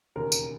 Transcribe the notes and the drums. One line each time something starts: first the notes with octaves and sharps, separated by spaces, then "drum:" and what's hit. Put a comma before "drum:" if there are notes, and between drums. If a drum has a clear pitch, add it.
E1 D#2 C#3 A#4
drum: tambourine